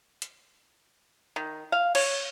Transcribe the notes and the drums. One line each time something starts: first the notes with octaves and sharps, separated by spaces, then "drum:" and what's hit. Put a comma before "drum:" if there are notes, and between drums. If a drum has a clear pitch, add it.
drum: hi-hat
D#3
F5
C#5, drum: cymbal